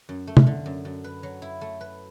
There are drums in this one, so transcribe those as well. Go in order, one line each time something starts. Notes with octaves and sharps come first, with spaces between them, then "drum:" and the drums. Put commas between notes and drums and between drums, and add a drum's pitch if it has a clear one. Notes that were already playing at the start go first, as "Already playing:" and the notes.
F#2
A3
drum: tom
D3
F#2
F#2
B4
F#3
E4
A3
B4